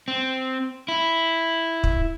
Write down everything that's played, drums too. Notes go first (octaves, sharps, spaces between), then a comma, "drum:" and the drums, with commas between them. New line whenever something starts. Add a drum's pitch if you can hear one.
C4
E4
drum: kick